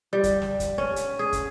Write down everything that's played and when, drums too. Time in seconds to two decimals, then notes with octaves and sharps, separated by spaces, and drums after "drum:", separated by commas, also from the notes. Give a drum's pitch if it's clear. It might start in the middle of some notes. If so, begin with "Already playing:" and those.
0.13 G3
0.23 drum: kick, hi-hat
0.42 drum: snare
0.60 drum: kick, hi-hat
0.78 C#4
0.96 drum: hi-hat
1.19 G#4
1.33 drum: kick, hi-hat